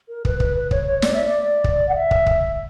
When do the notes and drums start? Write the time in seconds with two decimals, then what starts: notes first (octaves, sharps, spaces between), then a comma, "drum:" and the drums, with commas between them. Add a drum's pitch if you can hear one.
0.09 A#4
0.25 B4, drum: kick
0.40 B4, drum: kick
0.56 B4
0.71 C#5, drum: kick
0.86 C#5
1.02 D5, drum: snare
1.13 E5
1.26 D5
1.64 drum: kick
1.88 F#5
1.95 E5
2.11 drum: kick
2.26 drum: kick